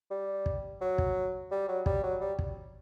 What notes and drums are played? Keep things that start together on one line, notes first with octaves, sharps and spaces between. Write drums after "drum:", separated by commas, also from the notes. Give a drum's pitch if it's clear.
G3
drum: kick
F#3
drum: kick
G3
F#3
G3, drum: kick
F#3
G3
drum: kick